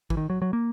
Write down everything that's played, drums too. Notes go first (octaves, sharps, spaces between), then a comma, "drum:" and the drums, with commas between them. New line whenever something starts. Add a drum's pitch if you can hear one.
E3, drum: kick G#1
D#3
F#3
F#3
A#3